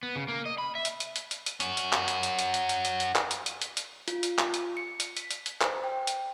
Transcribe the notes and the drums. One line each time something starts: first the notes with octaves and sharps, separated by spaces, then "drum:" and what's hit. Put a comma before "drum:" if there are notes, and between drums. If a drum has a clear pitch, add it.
B3
C#3
A#3
D#5
B5
E5
drum: hi-hat
drum: hi-hat
drum: hi-hat
drum: hi-hat
drum: hi-hat
C#4 F#4, drum: hi-hat
drum: hi-hat
drum: clap
drum: hi-hat
drum: hi-hat
drum: hi-hat
drum: hi-hat
drum: hi-hat
drum: hi-hat
drum: hi-hat
drum: clap
drum: hi-hat
drum: hi-hat
drum: hi-hat
drum: hi-hat
F4, drum: hi-hat
drum: hi-hat
drum: clap
drum: hi-hat
C#7
drum: hi-hat
B6, drum: hi-hat
drum: hi-hat
drum: hi-hat
C5, drum: clap
G5
drum: hi-hat